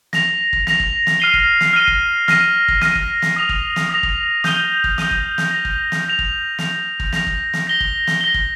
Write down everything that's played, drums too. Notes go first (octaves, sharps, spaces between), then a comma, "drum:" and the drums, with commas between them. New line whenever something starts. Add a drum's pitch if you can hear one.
A#6 F7, drum: snare
drum: kick
A#6 F7, drum: snare
drum: kick
drum: snare
F6 C7 D#7 G7
drum: kick
drum: snare
F6 C7 D#7 G7
drum: kick
F6 A#6 D#7, drum: snare
drum: kick
F6 A#6 D#7, drum: snare
drum: kick
drum: snare
D#6 A#6 F7
drum: kick
drum: snare
D#6 A#6 F7
drum: kick
D#6 G6 D#7 G7, drum: snare
drum: kick
D#6 G6 D#7 G7, drum: snare
drum: kick
drum: snare
A#6 F7
drum: kick
drum: snare
A#6 F7
drum: kick
A#6 F7, drum: snare
drum: kick
A#6 F7, drum: snare
drum: kick
drum: snare
A#6 G7
drum: kick
drum: snare
A#6 G7
drum: kick